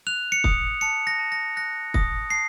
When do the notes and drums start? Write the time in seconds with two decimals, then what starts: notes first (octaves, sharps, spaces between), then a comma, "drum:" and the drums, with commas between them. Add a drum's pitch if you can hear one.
0.07 F#6 F7
0.32 C#7
0.44 D#6, drum: kick
0.81 A5 C#7
1.07 A#6
1.19 A5
1.32 A#6
1.56 F#6 A#6
1.94 D#6 A#6, drum: kick
2.30 A5 C7